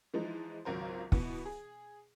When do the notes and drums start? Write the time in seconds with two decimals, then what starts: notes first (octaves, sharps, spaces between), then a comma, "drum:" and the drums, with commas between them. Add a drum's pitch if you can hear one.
0.14 E3 F3 G#3 D#4
0.65 G#1 C#2 F#3 A#4 C5
1.12 B2 E3 B3, drum: kick
1.45 G#4